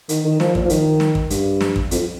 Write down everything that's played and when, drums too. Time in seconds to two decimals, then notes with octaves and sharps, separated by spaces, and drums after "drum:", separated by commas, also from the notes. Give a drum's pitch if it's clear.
0.09 D#3, drum: hi-hat
0.24 D#3
0.40 F3, drum: snare
0.55 A#2, drum: kick
0.65 F3
0.70 D#3, drum: hi-hat
1.00 drum: snare
1.15 drum: kick
1.30 G2, drum: hi-hat
1.61 drum: snare
1.76 drum: kick
1.91 F2, drum: hi-hat